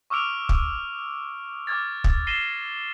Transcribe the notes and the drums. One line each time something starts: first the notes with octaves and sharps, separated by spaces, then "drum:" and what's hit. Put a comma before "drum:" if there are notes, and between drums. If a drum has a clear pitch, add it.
C#6 D6 E6 F6 D7 F7
drum: kick
D6 F6 G#6 A6
drum: kick
A6 A#6 C7 D#7 E7 G7